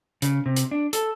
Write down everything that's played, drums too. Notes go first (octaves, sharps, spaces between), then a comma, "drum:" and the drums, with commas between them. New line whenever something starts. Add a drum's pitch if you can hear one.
C#3, drum: hi-hat
C3
drum: hi-hat
D4
A4, drum: hi-hat